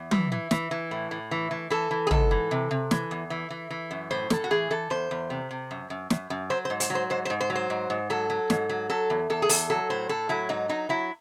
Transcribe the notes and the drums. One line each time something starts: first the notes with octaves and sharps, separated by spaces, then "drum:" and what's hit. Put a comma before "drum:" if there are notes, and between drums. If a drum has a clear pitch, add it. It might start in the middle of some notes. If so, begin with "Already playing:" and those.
Already playing: E2
E3, drum: tom F#3
E3
E3, drum: snare
E3
A2
A2
E3
E3
E3 A4
E3
G#4
G#2 A4, drum: tom
E3
C3
C3
E3, drum: snare
E2
E3
E3
E3
F#2
A2 C5
A2 A4, drum: snare
F#4
E3 G#4
E3 A4
E2 C5
E2
C3
C3
F#2
F#2
F#2, drum: snare
F#2
F#3 C5
C5
G#2
C5, drum: hi-hat
F#3
C5
G#2 C5
C5
G#2
C5
F#3
C5
G#2
G#2
F#3 A4
F#3
G#2, drum: snare
F#3
F#3 A4
E2
E2 A4
G#4
E2 A4, drum: open hi-hat
F#3 A4
A2 C5
A2 A4
F#3 E4
G#2 D#4
F#3 D#4
F#3 E4